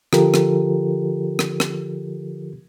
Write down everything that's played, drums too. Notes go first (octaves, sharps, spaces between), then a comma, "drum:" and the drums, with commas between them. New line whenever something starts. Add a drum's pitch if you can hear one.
D3 F3 F4 G4 A4 A#4, drum: rim click
drum: rim click
drum: rim click
drum: rim click